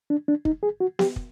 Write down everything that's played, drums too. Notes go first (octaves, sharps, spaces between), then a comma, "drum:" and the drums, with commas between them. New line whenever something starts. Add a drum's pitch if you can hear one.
D4
D4
D#4, drum: kick
G#4
F#4
G4, drum: snare B3
drum: kick